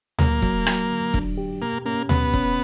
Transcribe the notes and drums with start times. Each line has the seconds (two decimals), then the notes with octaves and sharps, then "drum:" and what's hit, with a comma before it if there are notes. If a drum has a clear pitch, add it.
0.19 F#3 A#3, drum: tom D2
0.42 F#3, drum: kick E1
0.66 F#3, drum: rim click
0.90 D3
1.14 D4, drum: kick E1
1.38 G4
1.61 B2 A#3
1.85 A#3 C#4
2.09 B2 B3, drum: tom D2
2.33 C#4, drum: kick E1